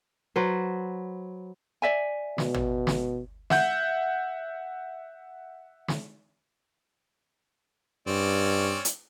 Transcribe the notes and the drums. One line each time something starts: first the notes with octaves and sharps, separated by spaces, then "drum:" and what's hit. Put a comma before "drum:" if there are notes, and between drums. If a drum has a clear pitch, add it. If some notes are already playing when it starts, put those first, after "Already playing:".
F#3 B4 C5
D5 E5 G#5
B2, drum: snare
drum: tom
drum: snare
E5 F#5 G6, drum: snare
drum: snare
G2 C4 C#4 D5
drum: hi-hat